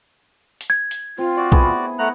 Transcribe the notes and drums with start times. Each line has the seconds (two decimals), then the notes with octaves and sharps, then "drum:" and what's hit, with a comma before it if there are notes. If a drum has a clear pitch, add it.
0.61 drum: hi-hat
0.70 G#6
0.91 drum: hi-hat
1.18 C4 F4
1.37 F#4 D5
1.52 B3 E4 G#4, drum: kick
1.99 A3 F#5 A#5 F#6